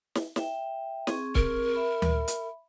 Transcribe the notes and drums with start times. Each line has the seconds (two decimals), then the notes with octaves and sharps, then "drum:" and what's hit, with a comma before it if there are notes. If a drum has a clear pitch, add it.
0.15 drum: snare
0.36 E5 G5, drum: snare
1.07 C4 G#4 C#6, drum: snare
1.35 A#4, drum: kick C#1
1.75 E5 B5
2.02 drum: tom D2
2.28 drum: hi-hat